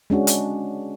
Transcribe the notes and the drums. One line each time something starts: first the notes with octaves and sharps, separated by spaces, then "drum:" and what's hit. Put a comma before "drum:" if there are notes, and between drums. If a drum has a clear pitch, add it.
G#3 C#4 D4 F#4
drum: hi-hat